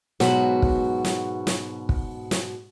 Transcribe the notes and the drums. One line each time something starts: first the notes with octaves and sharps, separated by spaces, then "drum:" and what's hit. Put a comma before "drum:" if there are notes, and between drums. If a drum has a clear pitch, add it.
G#2 B2 F#3 F#4 B5, drum: snare
drum: kick
drum: snare
drum: snare
drum: kick
drum: snare